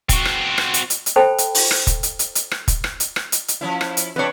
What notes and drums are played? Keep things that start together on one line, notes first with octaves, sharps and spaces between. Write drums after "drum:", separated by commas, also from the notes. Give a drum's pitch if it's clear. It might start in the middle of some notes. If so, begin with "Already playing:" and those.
C4 F#4, drum: kick, hi-hat
drum: rim click
drum: rim click
drum: hi-hat
drum: hi-hat
drum: hi-hat
A4 C5 G5 A5 B5
drum: hi-hat
drum: open hi-hat
drum: rim click
drum: kick, hi-hat
drum: hi-hat
drum: hi-hat
drum: hi-hat
drum: rim click
drum: kick, hi-hat
drum: rim click
drum: hi-hat
drum: rim click
drum: hi-hat
drum: hi-hat
F3 C#4 E4
drum: rim click
drum: hi-hat
F2 D4 B4 C#5